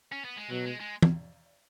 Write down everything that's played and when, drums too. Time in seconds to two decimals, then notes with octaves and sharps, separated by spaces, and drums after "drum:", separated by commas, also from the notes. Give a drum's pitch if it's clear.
0.12 C#4
0.25 B3
0.37 G#3
0.50 B2 F#3
0.66 G#3
0.80 G#3
1.02 drum: tom E3